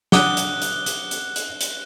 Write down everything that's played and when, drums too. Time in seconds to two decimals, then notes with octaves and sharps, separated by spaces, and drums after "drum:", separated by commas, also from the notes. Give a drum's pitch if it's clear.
0.12 F#5 D6 D#6 F#6 G7, drum: snare
0.37 drum: hi-hat
0.62 drum: hi-hat
0.86 drum: hi-hat
1.11 drum: hi-hat
1.36 drum: hi-hat
1.61 drum: hi-hat